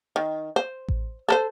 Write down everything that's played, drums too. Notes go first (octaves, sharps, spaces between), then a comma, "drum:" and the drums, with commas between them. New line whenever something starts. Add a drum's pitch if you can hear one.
D#3
C5
drum: kick A1
A4 A#4 C5